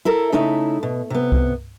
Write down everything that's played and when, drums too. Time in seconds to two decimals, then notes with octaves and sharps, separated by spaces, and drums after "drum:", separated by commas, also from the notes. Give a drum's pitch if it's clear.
0.05 E4 A4 A#4
0.32 C#3 A3 D#4 E4
0.83 B2
1.10 C3 B3
1.32 drum: kick C2